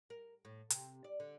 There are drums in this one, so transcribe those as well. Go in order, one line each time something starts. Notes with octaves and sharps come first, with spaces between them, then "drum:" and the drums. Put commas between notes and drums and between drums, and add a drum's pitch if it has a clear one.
A#4
A2
C3, drum: hi-hat
D5
D3